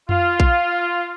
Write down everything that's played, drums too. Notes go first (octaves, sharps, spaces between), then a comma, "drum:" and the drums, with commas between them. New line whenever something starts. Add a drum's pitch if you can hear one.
F4, drum: tom F2
drum: kick A#1